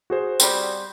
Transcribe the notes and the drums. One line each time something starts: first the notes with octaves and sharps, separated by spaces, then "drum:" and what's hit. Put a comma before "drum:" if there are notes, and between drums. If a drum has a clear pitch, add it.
F#4 G#4 C5
G3 C4, drum: tambourine